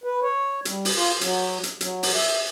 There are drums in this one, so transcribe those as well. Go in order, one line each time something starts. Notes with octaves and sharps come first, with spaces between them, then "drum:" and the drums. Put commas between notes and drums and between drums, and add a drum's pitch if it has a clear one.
B4
C#5
G3, drum: hi-hat
drum: open hi-hat
F4
F#3, drum: hi-hat
drum: hi-hat
F#3, drum: hi-hat
drum: open hi-hat
E5